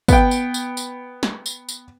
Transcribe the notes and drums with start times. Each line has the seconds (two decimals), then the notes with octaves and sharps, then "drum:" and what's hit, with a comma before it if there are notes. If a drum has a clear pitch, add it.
0.08 B3 G5, drum: kick, tambourine
0.31 drum: tambourine
0.54 drum: tambourine
0.77 drum: tambourine
1.23 drum: snare
1.46 drum: tambourine
1.69 drum: tambourine